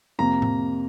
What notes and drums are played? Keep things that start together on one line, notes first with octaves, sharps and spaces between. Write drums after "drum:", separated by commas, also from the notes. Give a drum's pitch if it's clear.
F2 C3 A#3 A#5
drum: tom A2